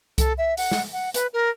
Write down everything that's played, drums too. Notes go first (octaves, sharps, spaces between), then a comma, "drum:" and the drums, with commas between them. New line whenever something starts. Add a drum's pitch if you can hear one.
A4, drum: kick C2, hi-hat
E5
F#5, drum: open hi-hat
drum: snare
F#5
B4, drum: hi-hat
A#4